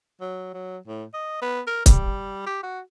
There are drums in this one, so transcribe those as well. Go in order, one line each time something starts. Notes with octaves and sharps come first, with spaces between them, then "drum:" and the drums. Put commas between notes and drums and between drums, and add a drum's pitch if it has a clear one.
F#3
F#3
A2
D#5
B3
A#4
G3, drum: kick C#1, hi-hat
G4
F#4